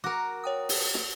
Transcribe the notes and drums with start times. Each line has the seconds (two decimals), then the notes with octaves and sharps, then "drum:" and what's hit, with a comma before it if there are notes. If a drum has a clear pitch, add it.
0.04 F#4 A#4 D6
0.44 C#5 G5 D#6
0.69 drum: open hi-hat
0.94 drum: snare